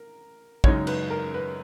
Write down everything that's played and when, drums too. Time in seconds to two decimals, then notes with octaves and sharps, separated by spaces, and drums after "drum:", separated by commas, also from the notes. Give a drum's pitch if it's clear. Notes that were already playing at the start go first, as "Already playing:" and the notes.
Already playing: A#4
0.64 F#2 C#3 G#3 D#4 C#5, drum: kick
0.87 B4, drum: cymbal
1.10 A#4
1.34 B4